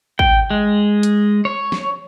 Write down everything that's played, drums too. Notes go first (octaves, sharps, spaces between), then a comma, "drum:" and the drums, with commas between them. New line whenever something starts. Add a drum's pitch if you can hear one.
G5, drum: kick
G#3
drum: hi-hat
C#5
drum: snare